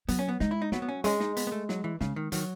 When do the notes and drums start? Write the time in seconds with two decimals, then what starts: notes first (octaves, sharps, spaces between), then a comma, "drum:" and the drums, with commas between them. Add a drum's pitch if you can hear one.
0.08 F#3 B3, drum: hi-hat
0.19 C#4
0.28 B3
0.40 G#3 D#4, drum: snare
0.51 E4
0.62 D#4
0.72 F#3 B3, drum: snare
0.82 B3
0.89 C#4
1.04 G#3 C#4, drum: hi-hat
1.20 D#4, drum: snare
1.37 B3, drum: hi-hat
1.47 B3
1.52 A3
1.69 F#3, drum: snare
1.84 E3
2.01 C#3 G#3, drum: snare
2.16 D#3
2.32 D#3 F#3, drum: hi-hat